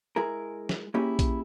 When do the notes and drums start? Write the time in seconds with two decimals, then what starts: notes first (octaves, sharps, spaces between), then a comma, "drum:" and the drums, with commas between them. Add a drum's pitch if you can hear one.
0.16 G#3 E4 G#4 A#4
0.69 drum: snare
0.94 A#3 C#4 E4 G4 G#4
1.19 drum: kick A#1, hi-hat